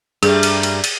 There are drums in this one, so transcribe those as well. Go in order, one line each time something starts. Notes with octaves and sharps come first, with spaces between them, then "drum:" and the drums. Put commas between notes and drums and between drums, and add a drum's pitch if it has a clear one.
G2 G3 A3 A#3 G#4, drum: cymbal
drum: cymbal
drum: cymbal
drum: cymbal